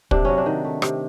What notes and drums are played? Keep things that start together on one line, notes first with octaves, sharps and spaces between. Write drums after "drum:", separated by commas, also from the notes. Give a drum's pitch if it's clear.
C3 D4, drum: kick
F#3 C#4
D4
D#3
A3
C3, drum: rim click